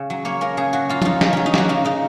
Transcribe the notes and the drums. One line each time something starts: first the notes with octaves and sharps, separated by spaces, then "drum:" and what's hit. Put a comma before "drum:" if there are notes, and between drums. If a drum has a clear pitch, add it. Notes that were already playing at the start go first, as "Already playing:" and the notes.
Already playing: C#3 C#4
F#3
A#3 C#5
C#4 A#4
C#3 G#4
F#3 F#4
A#3 F4
C#4 D#4 F4, drum: tom
C#3 D#4, drum: snare
F#3 C#4
D#4
A#3 F#4, drum: snare
C#3 D#4
C#3 D#4